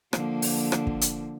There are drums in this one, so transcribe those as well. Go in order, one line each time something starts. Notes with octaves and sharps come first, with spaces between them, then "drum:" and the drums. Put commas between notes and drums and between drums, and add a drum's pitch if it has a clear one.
D3 F3 A#3, drum: rim click
drum: open hi-hat
drum: rim click
drum: kick
drum: hi-hat